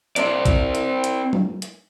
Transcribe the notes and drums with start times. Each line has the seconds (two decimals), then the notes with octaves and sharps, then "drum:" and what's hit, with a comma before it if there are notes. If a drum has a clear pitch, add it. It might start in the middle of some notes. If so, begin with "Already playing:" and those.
0.16 C4 D5, drum: hi-hat
0.45 drum: kick, hi-hat
0.75 drum: hi-hat
1.04 drum: hi-hat
1.33 drum: tom F#3
1.62 drum: hi-hat